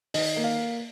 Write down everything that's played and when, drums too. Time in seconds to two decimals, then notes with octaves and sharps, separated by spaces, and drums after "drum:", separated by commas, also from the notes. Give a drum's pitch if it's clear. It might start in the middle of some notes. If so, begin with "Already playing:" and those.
0.14 D#3 D#5, drum: open hi-hat
0.36 A#3
0.44 F5